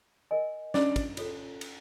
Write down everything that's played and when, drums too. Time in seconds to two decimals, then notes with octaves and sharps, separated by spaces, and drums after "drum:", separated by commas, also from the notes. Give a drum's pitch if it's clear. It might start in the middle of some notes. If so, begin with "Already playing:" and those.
0.31 A#4 D#5 G#5
0.74 C#4 D4 D5, drum: snare
0.96 drum: kick, cymbal
1.17 F4 A4 C#5, drum: cymbal
1.61 drum: cymbal